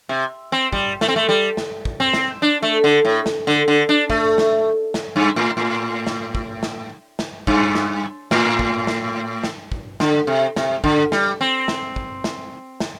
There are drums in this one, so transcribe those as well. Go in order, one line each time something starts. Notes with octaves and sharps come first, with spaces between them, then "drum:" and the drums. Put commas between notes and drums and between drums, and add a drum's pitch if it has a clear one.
C3
C4
G3, drum: kick
A3, drum: snare
C4
A3
G3
drum: snare
drum: kick
C4
drum: snare
D4
A3
D3
A2
drum: snare
D3
D3
D4
A3, drum: kick
drum: snare
drum: snare
G2
A2
A2
drum: snare
drum: kick
drum: snare
drum: snare
G2, drum: kick
drum: snare
A2, drum: snare
drum: kick
drum: snare
drum: snare
drum: kick
D3, drum: snare
C3
C3, drum: snare
D3, drum: kick
G3, drum: snare
C4
drum: snare
drum: kick
drum: snare
drum: snare